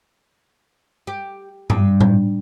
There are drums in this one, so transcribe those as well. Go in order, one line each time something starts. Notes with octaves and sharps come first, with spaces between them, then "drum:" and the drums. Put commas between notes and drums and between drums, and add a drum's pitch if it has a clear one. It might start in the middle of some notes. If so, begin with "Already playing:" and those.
G4
G2, drum: tom G#2
drum: tom A2